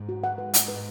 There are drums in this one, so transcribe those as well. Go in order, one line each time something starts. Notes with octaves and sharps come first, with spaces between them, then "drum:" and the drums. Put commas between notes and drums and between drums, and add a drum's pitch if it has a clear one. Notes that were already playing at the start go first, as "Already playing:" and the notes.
Already playing: G#2
F#4
F#5
B4
F#5, drum: hi-hat
B4